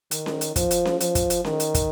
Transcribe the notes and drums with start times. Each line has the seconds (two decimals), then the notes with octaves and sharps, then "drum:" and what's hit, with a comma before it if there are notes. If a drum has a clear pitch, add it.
0.11 D#3, drum: hi-hat
0.26 drum: snare C#4
0.41 drum: hi-hat
0.56 F3, drum: kick, hi-hat
0.71 drum: hi-hat
0.85 drum: snare C#4
1.00 F3, drum: hi-hat
1.15 drum: kick, hi-hat
1.30 drum: hi-hat
1.45 D#3, drum: snare C#4
1.60 drum: hi-hat
1.74 drum: kick, hi-hat